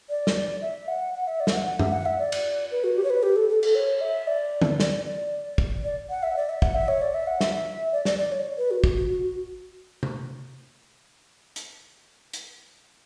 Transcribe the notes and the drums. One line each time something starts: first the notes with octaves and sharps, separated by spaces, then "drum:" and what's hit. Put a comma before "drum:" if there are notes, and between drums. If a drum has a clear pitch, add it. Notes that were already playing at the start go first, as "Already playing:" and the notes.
D5
drum: snare
E5
F#5
F#5
E5
D5
E5, drum: snare
F#5
F#5
E5, drum: tom F#2
F#5
E5
D5
drum: cymbal
B4
F#4
G4
C#5
B4
G4
A4
A4
A4, drum: cymbal
C#5
E5
D5
drum: tom D3
D5, drum: snare
D5
drum: kick
D5
F#5
E5
D5
E5
F#5, drum: kick
E5
C#5
D5
E5
F#5
E5, drum: snare
D5
D5, drum: snare
D5
C#5
B4
F#4
F#4, drum: kick
F#4
F#4
F#4
drum: tom C3
drum: hi-hat
drum: hi-hat